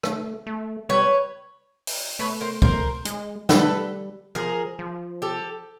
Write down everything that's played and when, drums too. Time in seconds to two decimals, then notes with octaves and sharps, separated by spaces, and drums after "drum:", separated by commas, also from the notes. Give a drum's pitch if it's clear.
0.03 A3, drum: rim click
0.47 A3
0.89 G3 B4 C#5
1.87 drum: open hi-hat
2.19 A3 B4 C#5
2.41 A#4 C5
2.62 A#4 C5, drum: kick
3.05 G#3, drum: hi-hat
3.49 G3 A4 B4, drum: snare
4.35 F3 G#4 A#4
4.79 F3
5.22 G4 A4